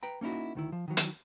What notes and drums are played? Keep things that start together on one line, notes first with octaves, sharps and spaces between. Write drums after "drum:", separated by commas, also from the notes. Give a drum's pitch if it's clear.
B4 G5 A#5
A#3 C#4 D#4 E4 F#4
D2 D#3 E4
F3
D#3 E3 F#3
drum: hi-hat